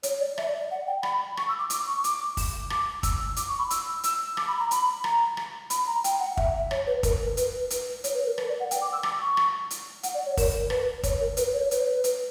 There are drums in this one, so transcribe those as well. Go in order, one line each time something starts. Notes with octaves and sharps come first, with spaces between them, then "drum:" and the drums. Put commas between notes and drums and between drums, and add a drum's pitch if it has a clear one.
C#5, drum: hi-hat
D5
E5, drum: rim click
D5
D5
F#5
G5
B5, drum: rim click
C#6, drum: rim click
E6
D6
D6, drum: hi-hat
C#6
D6, drum: hi-hat
drum: kick, open hi-hat
D6, drum: rim click
E6, drum: kick, hi-hat
D6, drum: hi-hat
C#6
B5
E6, drum: hi-hat
E6, drum: hi-hat
D6, drum: rim click
B5
A#5
B5, drum: hi-hat
A#5, drum: rim click
drum: rim click
B5, drum: hi-hat
A#5
G5, drum: hi-hat
F#5
E5, drum: kick
C#5, drum: rim click
B4
A#4, drum: kick, hi-hat
B4, drum: hi-hat
drum: hi-hat
C#5, drum: hi-hat
B4
A#4
B4, drum: rim click
D5
F#5
G5, drum: hi-hat
D6
E6
D6, drum: rim click
C#6
drum: rim click
drum: hi-hat
F#5, drum: hi-hat
D5
C#5
A#4, drum: kick, open hi-hat
B4, drum: rim click
C#5, drum: kick, hi-hat
A#4
B4, drum: hi-hat
C#5
C#5
B4, drum: hi-hat
drum: hi-hat